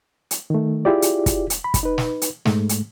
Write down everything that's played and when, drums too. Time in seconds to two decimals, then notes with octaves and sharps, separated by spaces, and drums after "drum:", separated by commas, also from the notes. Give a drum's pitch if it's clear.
0.31 drum: hi-hat
0.50 D#3 A3
0.85 E4 F4 G4 G#4 D5
1.02 drum: hi-hat
1.26 drum: kick, hi-hat
1.50 drum: hi-hat
1.64 B5
1.74 drum: kick, hi-hat
1.83 D#4 B4
1.98 drum: snare
2.22 drum: hi-hat
2.45 G#2 G#3 A3, drum: snare
2.69 drum: hi-hat